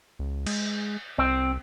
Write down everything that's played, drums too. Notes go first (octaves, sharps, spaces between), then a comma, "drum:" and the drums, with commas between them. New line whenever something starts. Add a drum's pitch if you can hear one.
C#2
G#3, drum: cymbal
C2 C4